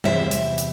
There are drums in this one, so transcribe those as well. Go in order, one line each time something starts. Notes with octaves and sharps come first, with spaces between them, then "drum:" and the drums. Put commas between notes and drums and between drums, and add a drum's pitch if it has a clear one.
E2 C3 E3 C5 E5, drum: tom G3
drum: hi-hat
drum: hi-hat